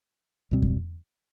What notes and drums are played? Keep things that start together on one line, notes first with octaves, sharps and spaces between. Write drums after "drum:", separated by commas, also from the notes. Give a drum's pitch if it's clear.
C#2 B2 G3 C4
drum: kick F2